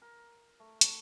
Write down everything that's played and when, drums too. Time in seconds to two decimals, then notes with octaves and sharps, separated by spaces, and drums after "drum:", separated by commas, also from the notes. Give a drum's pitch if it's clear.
0.02 A#4
0.60 A3
0.81 A3, drum: hi-hat